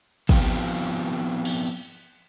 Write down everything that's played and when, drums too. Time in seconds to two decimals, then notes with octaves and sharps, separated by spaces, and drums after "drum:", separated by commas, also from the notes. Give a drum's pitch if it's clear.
0.29 F3 B3 C4 D#4 F4 G4, drum: kick
1.45 drum: cymbal